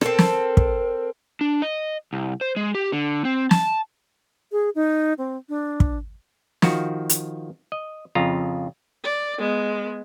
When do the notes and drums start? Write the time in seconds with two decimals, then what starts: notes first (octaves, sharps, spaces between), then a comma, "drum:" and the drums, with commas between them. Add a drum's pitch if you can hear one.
0.01 C4 A4 A#4, drum: rim click
0.19 drum: snare
0.57 drum: kick
1.41 D4
1.62 D#5
2.13 C2
2.41 C5
2.56 G#3
2.75 G4
2.92 D3
3.25 C4
3.51 A5, drum: snare
4.52 G#4
4.75 D#4
5.18 C4
5.49 D4
5.80 drum: kick
6.62 D#3 F3 F#4, drum: snare
7.09 drum: hi-hat
7.72 D#5
8.15 F2 C#3 F4 A#5
9.04 D5
9.38 G#3 B3